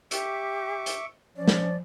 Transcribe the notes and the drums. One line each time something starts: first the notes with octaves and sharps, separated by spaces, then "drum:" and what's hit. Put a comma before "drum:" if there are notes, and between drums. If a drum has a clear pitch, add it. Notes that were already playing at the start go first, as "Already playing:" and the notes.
G4 E5 C#6 D6, drum: hi-hat
drum: hi-hat
F3 C#4 D5
drum: snare